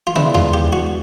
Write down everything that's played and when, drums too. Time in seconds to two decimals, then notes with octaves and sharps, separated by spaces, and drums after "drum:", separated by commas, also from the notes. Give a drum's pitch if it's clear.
0.07 F4
0.16 E3 G#3 B3 D4 E4, drum: tom
0.35 F4, drum: tom D#2
0.54 G4
0.73 F#4